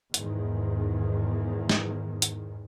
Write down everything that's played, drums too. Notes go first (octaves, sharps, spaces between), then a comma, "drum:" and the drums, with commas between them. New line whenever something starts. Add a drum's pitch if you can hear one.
E2 G#2 D#3, drum: hi-hat
drum: snare
drum: hi-hat